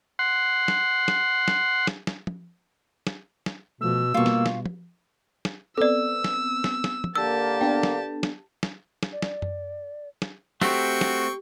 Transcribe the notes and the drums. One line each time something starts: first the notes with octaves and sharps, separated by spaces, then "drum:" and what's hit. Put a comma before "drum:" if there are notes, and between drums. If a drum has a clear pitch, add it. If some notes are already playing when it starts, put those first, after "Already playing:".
F#5 C6
drum: snare
drum: snare
drum: snare
drum: snare
drum: snare
drum: tom
drum: snare
drum: snare
B2 F3 A3 E6
B2 G3 A#3 F4 C#6
drum: snare
drum: snare
drum: tom
drum: snare
B3 C4 A4 D5 E6
drum: snare
drum: snare
drum: snare
drum: tom
D3 A#3 G4 A5 E6
B3 D4 A4 G5
drum: snare
drum: snare
drum: snare
drum: snare
D5
drum: snare
drum: tom F#2
drum: snare
A3 C4 F#4 G4 G5 C#6, drum: snare
drum: snare